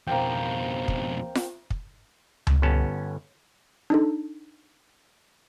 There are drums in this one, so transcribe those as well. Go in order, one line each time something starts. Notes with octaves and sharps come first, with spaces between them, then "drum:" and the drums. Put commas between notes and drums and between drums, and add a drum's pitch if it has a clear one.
F2 B2 A#3 C4 G5
drum: kick
drum: snare F4
drum: kick
drum: tom C#2
G1 B3 C#4 A5
D4 D#4 A4